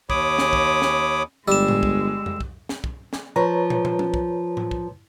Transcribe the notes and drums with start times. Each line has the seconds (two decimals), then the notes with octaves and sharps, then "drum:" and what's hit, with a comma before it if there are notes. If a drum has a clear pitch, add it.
0.10 D#2 C#5 B5 D6 D#6, drum: kick
0.38 drum: snare
0.53 drum: kick
0.82 drum: snare
1.48 G1 G3 G#3 E6 E7
1.68 drum: tom A2
1.83 drum: kick
2.26 drum: tom F2
2.41 drum: kick
2.69 drum: snare
2.84 drum: kick
3.13 drum: snare
3.36 F3 B4 C#5 A#5
3.70 drum: tom
3.85 drum: tom
3.99 drum: tom F3
4.14 drum: kick
4.57 drum: tom A2
4.71 drum: kick